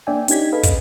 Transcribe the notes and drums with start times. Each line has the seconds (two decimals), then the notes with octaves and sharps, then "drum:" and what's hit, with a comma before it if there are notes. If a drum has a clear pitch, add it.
0.07 A#3 D4 D5 E5 G5 G#5
0.28 C#4 D#4 G4 G#6 B6, drum: hi-hat
0.53 G#4 A4 B4 D#5 F5
0.63 drum: kick, hi-hat